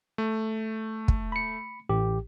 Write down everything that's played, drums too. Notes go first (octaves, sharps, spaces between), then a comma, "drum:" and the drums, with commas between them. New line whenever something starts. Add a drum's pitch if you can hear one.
A3
drum: kick
B5 C#7
A1 G4